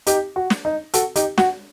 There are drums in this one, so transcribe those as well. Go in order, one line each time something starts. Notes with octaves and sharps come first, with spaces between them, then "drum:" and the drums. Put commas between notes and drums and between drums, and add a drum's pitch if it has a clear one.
D#4 G4, drum: hi-hat
F#4
drum: snare
D#4
F#4 A4, drum: hi-hat
D#4 G4, drum: hi-hat
F#4, drum: snare